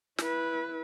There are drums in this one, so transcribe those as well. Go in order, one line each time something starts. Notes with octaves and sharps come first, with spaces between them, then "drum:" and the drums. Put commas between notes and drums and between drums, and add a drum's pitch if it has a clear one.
E4 B4, drum: snare